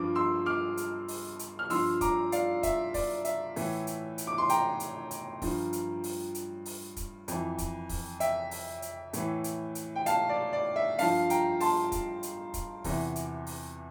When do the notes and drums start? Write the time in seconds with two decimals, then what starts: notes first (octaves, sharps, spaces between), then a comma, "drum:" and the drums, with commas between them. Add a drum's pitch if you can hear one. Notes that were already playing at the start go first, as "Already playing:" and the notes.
Already playing: G2 F3 D6
0.15 C6 E6
0.46 D6 F6
0.77 drum: hi-hat
1.08 drum: open hi-hat
1.39 drum: hi-hat
1.59 F6
1.70 G2 F3 C6 E6, drum: open hi-hat
2.01 A#5 D6, drum: kick, hi-hat
2.32 D5 F5, drum: hi-hat
2.63 E5, drum: kick, hi-hat
2.94 D5, drum: kick, open hi-hat
3.25 E5, drum: hi-hat
3.56 A2 E3, drum: open hi-hat
3.87 drum: hi-hat
4.18 drum: hi-hat
4.27 D6
4.38 C6
4.49 G5 A#5, drum: hi-hat
4.80 drum: hi-hat
5.11 drum: hi-hat
5.42 G2 F3, drum: kick, open hi-hat
5.73 drum: hi-hat
6.04 drum: open hi-hat
6.35 drum: hi-hat
6.66 drum: open hi-hat
6.96 drum: kick, hi-hat
7.28 F2 E3, drum: hi-hat
7.58 drum: kick, hi-hat
7.89 drum: kick, open hi-hat
8.20 E5 G5, drum: hi-hat
8.51 drum: open hi-hat
8.82 drum: hi-hat
9.13 A2 E3, drum: hi-hat
9.44 drum: hi-hat
9.75 drum: hi-hat
9.96 G5
10.06 F5 A5, drum: hi-hat
10.29 D5
10.53 D5
10.76 E5
10.99 G2 F3 F5 A5, drum: open hi-hat
11.30 G5 A#5, drum: hi-hat
11.60 A5 C6, drum: open hi-hat
11.92 drum: kick, hi-hat
12.23 drum: hi-hat
12.54 drum: kick, hi-hat
12.84 E2 C3 E3, drum: kick, open hi-hat
13.16 drum: hi-hat
13.47 drum: open hi-hat